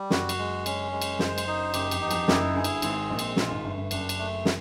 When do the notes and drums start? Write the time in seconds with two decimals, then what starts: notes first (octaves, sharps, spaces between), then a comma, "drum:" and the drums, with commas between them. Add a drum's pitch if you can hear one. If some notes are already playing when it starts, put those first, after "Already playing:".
Already playing: G3
0.10 F#1 F#2 F#4, drum: snare
0.29 drum: cymbal
0.38 G#3
0.66 C#4, drum: cymbal
0.92 G#3
1.02 drum: cymbal
1.19 F#1 F#2 C5, drum: snare
1.38 drum: cymbal
1.47 D#4
1.74 F#1 F#2 G4, drum: cymbal
1.91 F2, drum: cymbal
2.01 D#4
2.06 E2
2.11 F2, drum: cymbal
2.28 F#1 F#2 E4, drum: snare
2.55 G1 G2 G#4
2.64 drum: cymbal
2.82 G#1 G#2 C4, drum: cymbal
3.09 A#1 A#2 G#3
3.19 drum: cymbal
3.36 A#1 A#2 F4, drum: snare
3.51 G#1 G#2
3.64 G1 G2 A3
3.77 G1 G2
3.91 F#1 F#2 D4, drum: cymbal
4.09 drum: cymbal
4.19 A3
4.45 drum: snare